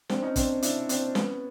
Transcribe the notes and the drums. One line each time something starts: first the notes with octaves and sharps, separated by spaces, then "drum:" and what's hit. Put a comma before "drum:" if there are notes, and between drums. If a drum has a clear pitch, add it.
C4 D4, drum: snare
C#4 D#4
C4 D4, drum: kick, hi-hat
D4 E4, drum: hi-hat
C4 D4, drum: hi-hat
B3 C#4, drum: snare